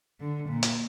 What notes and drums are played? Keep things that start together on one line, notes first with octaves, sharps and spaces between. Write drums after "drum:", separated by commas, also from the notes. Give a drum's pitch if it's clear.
D3
A#2
drum: hi-hat